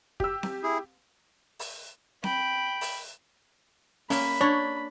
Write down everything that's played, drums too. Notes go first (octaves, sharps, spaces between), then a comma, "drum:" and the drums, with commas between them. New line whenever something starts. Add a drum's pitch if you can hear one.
G4 E6, drum: kick
drum: snare C4
E4 G#4
drum: open hi-hat
G5 B5, drum: snare C4
drum: open hi-hat
A#3 C#4 B5, drum: open hi-hat
D4 C#5